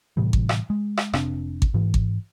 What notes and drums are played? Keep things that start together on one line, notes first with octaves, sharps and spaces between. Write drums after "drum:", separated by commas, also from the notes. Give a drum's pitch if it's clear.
A2 C3 E3 G3
drum: kick G#1
drum: rim click
G#3
drum: rim click
F1 C3 C4 D4, drum: rim click
drum: kick G#1
G#2 E3
drum: kick G#1